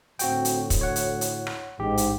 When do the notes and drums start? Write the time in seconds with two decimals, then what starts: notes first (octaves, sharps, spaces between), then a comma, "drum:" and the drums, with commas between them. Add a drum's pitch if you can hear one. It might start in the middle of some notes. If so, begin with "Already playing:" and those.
0.19 D2 A2 C4 F#4 G5, drum: hi-hat
0.45 drum: hi-hat
0.70 drum: kick, hi-hat
0.81 C#5 F#5
0.96 drum: hi-hat
1.21 drum: hi-hat
1.47 drum: rim click
1.79 A1 G#2 G4
1.97 drum: hi-hat